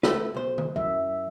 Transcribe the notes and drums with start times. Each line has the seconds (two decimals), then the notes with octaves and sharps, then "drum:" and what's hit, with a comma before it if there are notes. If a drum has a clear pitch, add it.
0.03 A3 A4 B4, drum: snare
0.35 B1 C5
0.58 drum: tom D#3
0.76 F#2 E5